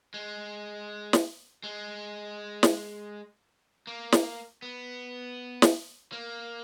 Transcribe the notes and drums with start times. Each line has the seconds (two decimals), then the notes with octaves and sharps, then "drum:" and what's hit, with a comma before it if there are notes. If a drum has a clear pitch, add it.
0.14 G#3
1.13 drum: snare
1.64 G#3
2.63 drum: snare
3.87 A#3
4.12 drum: snare
4.62 B3
5.62 drum: snare
6.12 A#3